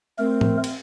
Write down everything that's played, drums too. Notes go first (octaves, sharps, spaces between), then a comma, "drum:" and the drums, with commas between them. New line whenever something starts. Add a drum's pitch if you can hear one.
A3 C4 A#4
drum: tom
drum: cymbal